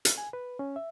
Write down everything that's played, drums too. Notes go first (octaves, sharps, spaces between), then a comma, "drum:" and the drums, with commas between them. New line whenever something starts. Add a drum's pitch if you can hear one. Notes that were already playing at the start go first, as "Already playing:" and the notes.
drum: hi-hat
G#5
B4
C#4
E5